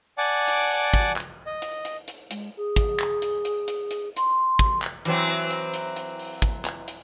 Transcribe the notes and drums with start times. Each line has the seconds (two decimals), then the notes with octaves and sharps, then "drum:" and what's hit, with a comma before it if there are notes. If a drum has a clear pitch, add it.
0.18 D5 F#5 G#5 A5 D6
0.48 drum: hi-hat
0.71 drum: open hi-hat
0.94 drum: kick, hi-hat
1.16 drum: clap
1.46 D#5
1.62 drum: hi-hat
1.85 drum: hi-hat
2.08 drum: hi-hat
2.31 G#3, drum: hi-hat
2.57 G#4
2.76 drum: kick, hi-hat
2.99 drum: clap
3.22 drum: hi-hat
3.45 drum: hi-hat
3.68 drum: hi-hat
3.91 drum: hi-hat
4.16 C6, drum: hi-hat
4.59 drum: kick
4.82 drum: clap
5.05 E3 F#3 C4, drum: hi-hat
5.28 drum: hi-hat
5.51 drum: hi-hat
5.74 drum: hi-hat
5.96 drum: hi-hat
6.19 drum: open hi-hat
6.42 drum: kick, hi-hat
6.65 drum: clap
6.88 drum: hi-hat